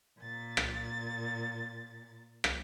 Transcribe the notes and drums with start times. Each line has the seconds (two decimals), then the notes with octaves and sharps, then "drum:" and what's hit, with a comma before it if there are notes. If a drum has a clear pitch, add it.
0.20 A#2 A6
0.57 drum: rim click
2.44 drum: rim click